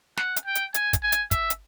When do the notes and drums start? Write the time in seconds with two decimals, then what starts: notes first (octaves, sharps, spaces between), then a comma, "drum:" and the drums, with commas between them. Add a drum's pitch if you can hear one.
0.17 F#5, drum: snare
0.36 drum: hi-hat
0.46 G5
0.55 drum: hi-hat
0.74 G#5, drum: hi-hat
0.93 drum: kick, hi-hat
1.03 G#5
1.12 drum: hi-hat
1.31 E5, drum: kick, hi-hat
1.50 drum: hi-hat